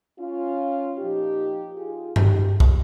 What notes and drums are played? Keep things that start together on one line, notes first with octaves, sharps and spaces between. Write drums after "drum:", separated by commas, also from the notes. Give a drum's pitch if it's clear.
C#4 F4
A#2 F3 D#4 G4
F4 G#4
D#4 G4, drum: tom G2
drum: kick B1